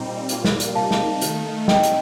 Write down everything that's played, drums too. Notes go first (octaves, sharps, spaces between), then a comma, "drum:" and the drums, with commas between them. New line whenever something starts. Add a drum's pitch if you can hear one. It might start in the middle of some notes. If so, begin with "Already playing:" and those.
Already playing: A#2 G3 C4 D#4
A#2 G3 A#3 F4, drum: hi-hat
drum: snare
drum: hi-hat
C3 G3 A#3 D#4 F5 A5
drum: snare
D#3 A3 D#4, drum: hi-hat
A2 G3 C4 D#4 D#5 G5, drum: snare
drum: hi-hat